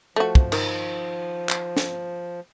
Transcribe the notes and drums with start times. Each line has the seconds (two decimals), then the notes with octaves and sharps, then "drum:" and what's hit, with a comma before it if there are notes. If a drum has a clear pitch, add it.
0.16 F3 A3 F#4
0.35 drum: kick
0.52 D#3, drum: cymbal
1.49 drum: clap
1.77 drum: snare